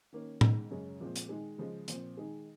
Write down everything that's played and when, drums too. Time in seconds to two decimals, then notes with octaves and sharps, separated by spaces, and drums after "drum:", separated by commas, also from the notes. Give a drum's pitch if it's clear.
0.13 D#3 A#3 C#4
0.41 G#2 D#3 G#3, drum: tom A2
0.71 F#2 C#3 G#3 C#4
1.00 A#2 F3 G#3 C4
1.16 drum: hi-hat
1.29 D#3 G#3 D#4 G#4
1.58 C#3 F3 G#3
1.88 A#2 F3 C4, drum: hi-hat
2.17 D#3 G#3 D#4 G#4